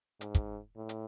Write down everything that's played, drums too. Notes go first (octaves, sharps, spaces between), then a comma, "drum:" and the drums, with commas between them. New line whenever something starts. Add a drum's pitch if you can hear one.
G#2, drum: hi-hat
drum: kick, hi-hat
A2
drum: hi-hat